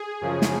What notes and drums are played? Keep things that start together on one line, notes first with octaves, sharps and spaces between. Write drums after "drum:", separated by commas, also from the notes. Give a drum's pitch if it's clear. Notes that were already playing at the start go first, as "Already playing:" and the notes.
Already playing: G#4
F#2 C#3 F3
drum: snare